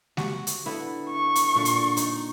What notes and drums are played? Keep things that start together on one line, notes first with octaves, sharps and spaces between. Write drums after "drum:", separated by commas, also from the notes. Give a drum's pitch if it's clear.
F#4 G4, drum: snare G#3
drum: hi-hat
D3 B3 E4
C#6
drum: hi-hat
A#2 D3
drum: hi-hat
D#4, drum: hi-hat